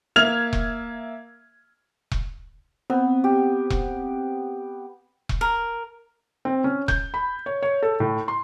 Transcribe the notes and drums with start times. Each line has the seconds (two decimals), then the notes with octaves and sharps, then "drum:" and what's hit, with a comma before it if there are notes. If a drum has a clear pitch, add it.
0.16 A#3 E5 F6 G#6 F7
0.53 drum: kick E1
2.11 drum: kick E1
2.90 B3 C4
3.24 G4
3.70 drum: kick E1
5.29 drum: kick E1
5.41 A#4
6.45 C4
6.64 C#4
6.88 G6, drum: kick E1
7.14 B5
7.46 C#5
7.62 C#5
7.83 A4
8.00 A2
8.28 C6